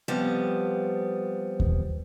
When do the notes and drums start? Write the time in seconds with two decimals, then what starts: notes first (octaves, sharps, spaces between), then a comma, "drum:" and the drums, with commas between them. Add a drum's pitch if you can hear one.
0.08 F2 F3 G3 B3
1.60 drum: kick D#2